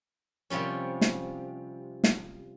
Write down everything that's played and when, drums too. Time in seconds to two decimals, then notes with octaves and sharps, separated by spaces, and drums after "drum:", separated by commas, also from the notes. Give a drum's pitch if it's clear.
0.50 C3 F3 G3 C#4
1.01 drum: snare
2.04 drum: snare